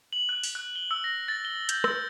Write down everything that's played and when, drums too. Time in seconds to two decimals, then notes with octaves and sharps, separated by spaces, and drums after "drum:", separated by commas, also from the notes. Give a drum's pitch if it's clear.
0.13 F#7
0.29 F#6
0.44 drum: open hi-hat
0.55 F#6
0.76 G7
0.91 E6
1.04 A#6
1.28 A6
1.45 G7
1.69 G6, drum: hi-hat
1.84 E6, drum: rim click